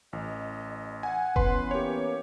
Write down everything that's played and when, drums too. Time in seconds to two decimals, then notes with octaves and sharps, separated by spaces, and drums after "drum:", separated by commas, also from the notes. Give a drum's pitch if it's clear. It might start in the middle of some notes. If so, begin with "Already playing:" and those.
0.13 A1 D#5
1.03 F#5 G#5
1.36 E3 B3 C#4 B4 C6, drum: kick F1
1.71 A#3 G4 C#5